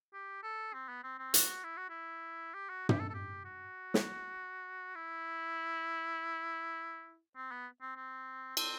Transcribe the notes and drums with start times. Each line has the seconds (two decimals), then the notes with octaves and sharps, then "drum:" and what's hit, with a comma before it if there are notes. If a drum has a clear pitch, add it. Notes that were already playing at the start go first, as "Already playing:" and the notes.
0.13 G4
0.43 A4
0.73 C4
0.88 B3
1.04 C4
1.18 C4
1.34 F#4, drum: hi-hat
1.64 E4
1.77 F#4
1.89 E4
2.54 G4
2.69 F#4
2.89 G4, drum: tom
2.99 A4
3.10 A4
3.14 G4
3.44 F#4
3.94 drum: snare
4.95 E4
7.36 C4
7.51 B3
7.81 C4
7.96 C4
8.57 C4, drum: cymbal